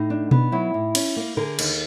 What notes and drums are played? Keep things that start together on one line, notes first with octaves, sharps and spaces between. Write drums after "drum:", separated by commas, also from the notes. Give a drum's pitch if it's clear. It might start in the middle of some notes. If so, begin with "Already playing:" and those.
Already playing: A2 D#4
D4
B3, drum: tom B2
F#3 E4
A2
C#4, drum: cymbal
A#3
D3 G#4 A#4
D#2, drum: cymbal